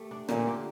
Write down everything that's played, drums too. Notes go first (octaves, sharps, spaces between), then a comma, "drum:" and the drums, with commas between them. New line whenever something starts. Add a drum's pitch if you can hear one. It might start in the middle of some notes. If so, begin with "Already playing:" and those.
Already playing: A3 G4
D4
A#2 D3, drum: rim click
G4